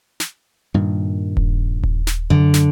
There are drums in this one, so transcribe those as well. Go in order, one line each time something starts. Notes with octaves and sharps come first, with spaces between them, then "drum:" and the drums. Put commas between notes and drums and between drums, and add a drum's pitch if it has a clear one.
drum: snare
G2 A#2 D#3
drum: kick D#1
drum: kick D#1
drum: snare
F#2 D3
drum: snare